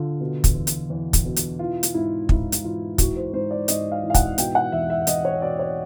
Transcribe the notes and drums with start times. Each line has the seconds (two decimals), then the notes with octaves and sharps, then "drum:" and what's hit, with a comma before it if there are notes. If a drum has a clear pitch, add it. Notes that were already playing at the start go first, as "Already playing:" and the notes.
Already playing: D3 F4
0.21 B2
0.44 drum: kick, hi-hat
0.55 E2
0.67 drum: hi-hat
0.90 E2
1.13 drum: kick, hi-hat
1.25 B2
1.36 drum: hi-hat
1.59 E3 F4
1.83 drum: hi-hat
1.94 G#2 E4
2.29 G#2 E4, drum: kick
2.52 drum: hi-hat
2.64 E3 F4
2.98 E3 F#4, drum: kick, hi-hat
3.16 C5
3.33 G#2 C5
3.51 D5
3.68 G#2 D#5, drum: hi-hat
3.92 F5
4.03 E3
4.10 F5
4.14 F#5, drum: kick, hi-hat
4.38 B2 G5, drum: hi-hat
4.55 F#5
4.72 E2 E5
4.90 E5
5.02 E5
5.07 E2 D#5, drum: hi-hat
5.25 C#5
5.42 B2 D5
5.59 C#5